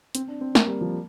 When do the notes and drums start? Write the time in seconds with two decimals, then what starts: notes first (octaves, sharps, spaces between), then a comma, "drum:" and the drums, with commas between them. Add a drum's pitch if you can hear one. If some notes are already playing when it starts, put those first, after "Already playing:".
0.15 C4, drum: hi-hat
0.28 D4
0.41 C4
0.55 A#3, drum: snare
0.67 G3
0.81 F3